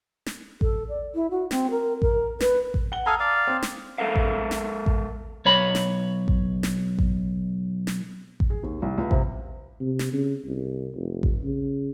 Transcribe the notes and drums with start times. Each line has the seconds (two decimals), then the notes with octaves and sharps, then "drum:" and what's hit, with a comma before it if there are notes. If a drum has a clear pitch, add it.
0.26 drum: snare
0.61 A4, drum: kick A1
0.89 D5
1.15 E4
1.31 F#4
1.51 C4, drum: snare
1.71 A#4
2.02 A#4, drum: kick A1
2.40 B4, drum: snare
2.74 drum: kick A1
2.92 F#5 G7
3.06 A4 F5 G#5 A#5 D#6 F6
3.20 D5 F5
3.47 C4
3.62 drum: snare
3.98 G#3 A4 A#4 E5 F5
4.16 drum: kick A1
4.51 drum: snare
4.86 drum: kick A1
5.45 B1 C#5 B5
5.75 drum: snare
6.28 drum: kick A1
6.63 drum: snare
6.99 drum: kick A1
7.87 drum: snare
8.40 drum: kick A1
8.50 G#4
8.63 D#2
8.82 C2
8.98 C#2
9.11 C3, drum: kick A1
9.80 C3
9.99 drum: snare
10.13 C#3
10.45 C2
10.95 F1
11.23 drum: kick A1
11.43 C#3